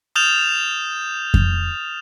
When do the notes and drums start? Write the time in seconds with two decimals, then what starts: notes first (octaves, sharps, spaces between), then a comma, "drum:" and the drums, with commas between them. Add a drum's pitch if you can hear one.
0.15 D#6 F6 G6 A6 E7 F7
1.34 drum: kick F2